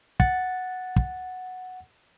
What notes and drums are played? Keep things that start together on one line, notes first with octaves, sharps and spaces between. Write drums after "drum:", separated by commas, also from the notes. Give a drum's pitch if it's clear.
F#5 A6, drum: kick
drum: kick